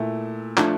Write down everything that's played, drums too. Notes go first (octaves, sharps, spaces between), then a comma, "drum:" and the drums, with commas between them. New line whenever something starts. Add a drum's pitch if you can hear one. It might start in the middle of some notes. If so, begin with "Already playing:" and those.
Already playing: A#2 A3 E4
F3 A3 D4, drum: clap